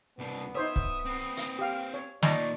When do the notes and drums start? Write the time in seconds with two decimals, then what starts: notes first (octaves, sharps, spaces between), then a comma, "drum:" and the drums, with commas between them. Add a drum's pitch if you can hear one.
0.19 C2 B3 D4
0.55 D#4 C5 C#5 E5 D#6
0.76 drum: kick C#1
1.05 C4 B4
1.37 drum: hi-hat
1.59 G4 F5
1.94 C#5
2.23 A#2 D#3 D5 D#5 A5 C#6, drum: snare